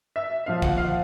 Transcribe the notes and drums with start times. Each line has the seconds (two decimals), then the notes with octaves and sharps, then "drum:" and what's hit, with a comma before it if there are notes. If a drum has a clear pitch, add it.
0.16 E5
0.46 A#2 F3 F5
0.62 F#5, drum: kick
0.78 F5